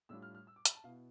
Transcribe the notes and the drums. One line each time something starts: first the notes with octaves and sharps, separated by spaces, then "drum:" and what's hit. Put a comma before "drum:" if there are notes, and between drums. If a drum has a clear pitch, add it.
A2 G3 D4 F4 E6
F6
F6
E6
D6
B5, drum: hi-hat
A5
B2 B3 E4 F5